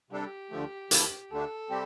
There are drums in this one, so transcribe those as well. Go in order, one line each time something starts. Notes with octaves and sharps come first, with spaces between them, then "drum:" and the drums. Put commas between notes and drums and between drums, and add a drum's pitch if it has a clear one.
C3 G3 D4 G4 A4
D2 D3 F3 A3
E3 A#3 E4 A4, drum: hi-hat
D2 D3 A3 D4 A4
C3 G3 C4 G4